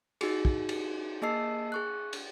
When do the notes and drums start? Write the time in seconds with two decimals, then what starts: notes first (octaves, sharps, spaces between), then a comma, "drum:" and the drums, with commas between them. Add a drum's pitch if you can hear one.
0.21 D#4 F#4 G#4, drum: cymbal
0.45 drum: kick
0.69 drum: cymbal
1.22 A#3 G#4 D#5 A5 E6 C7
1.72 G#4 C#6 F#6
2.13 drum: cymbal